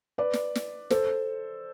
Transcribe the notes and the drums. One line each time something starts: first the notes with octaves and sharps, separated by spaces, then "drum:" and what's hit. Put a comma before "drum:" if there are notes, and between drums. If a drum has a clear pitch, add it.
B4 D5
drum: snare
drum: snare
A4 C5, drum: snare